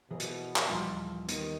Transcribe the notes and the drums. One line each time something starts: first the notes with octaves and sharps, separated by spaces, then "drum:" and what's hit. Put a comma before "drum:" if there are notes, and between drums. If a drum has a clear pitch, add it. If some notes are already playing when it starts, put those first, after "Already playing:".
B2 E3 F#3 G#4 A#4 C5
drum: hi-hat
drum: clap
A#1 D#2 G3 F4
D#3 B3 G4 B4, drum: hi-hat